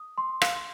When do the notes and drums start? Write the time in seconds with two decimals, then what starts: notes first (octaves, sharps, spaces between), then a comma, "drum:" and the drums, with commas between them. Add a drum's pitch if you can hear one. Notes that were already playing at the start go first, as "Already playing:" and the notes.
Already playing: D#6
0.18 C6
0.42 F5, drum: rim click